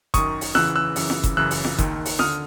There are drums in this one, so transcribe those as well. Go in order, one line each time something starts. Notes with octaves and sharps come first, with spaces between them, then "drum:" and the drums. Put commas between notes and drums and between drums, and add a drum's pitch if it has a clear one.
F#2 D#3 C#6 D#6, drum: kick F#1, hi-hat
drum: open hi-hat
E2 C#3 E3 E6 F#6, drum: snare
E6 F#6
F#2 C#3 E3, drum: open hi-hat
drum: snare
drum: kick F#1, hi-hat
F#2 C#3 E3 E6 F#6
drum: open hi-hat
drum: snare
D#2 D#3, drum: kick F#1, hi-hat
drum: open hi-hat
D3 D#6 F6, drum: snare